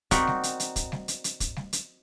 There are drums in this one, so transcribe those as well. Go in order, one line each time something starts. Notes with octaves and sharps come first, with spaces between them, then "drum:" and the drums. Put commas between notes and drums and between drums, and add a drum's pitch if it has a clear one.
C4 D#4 F#4 A#4 D5 B5, drum: kick, hi-hat
drum: snare G3
drum: hi-hat
drum: hi-hat
drum: kick, hi-hat
drum: snare G3
drum: hi-hat
drum: hi-hat
drum: kick, hi-hat
drum: snare G3
drum: hi-hat